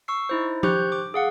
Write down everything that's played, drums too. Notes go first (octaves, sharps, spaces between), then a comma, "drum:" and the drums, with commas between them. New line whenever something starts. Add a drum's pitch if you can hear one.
C#6 E6 C7
D#4 E4 C5
G4 C5 C#6 F#6 G6, drum: tom F3
D6
G#4 F5 F#5